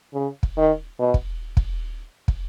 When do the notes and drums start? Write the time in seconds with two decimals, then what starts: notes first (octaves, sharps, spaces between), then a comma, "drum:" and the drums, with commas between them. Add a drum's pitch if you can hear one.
0.14 C#3
0.43 drum: kick
0.57 D#3
0.99 B2
1.14 drum: kick
1.57 drum: kick
2.28 drum: kick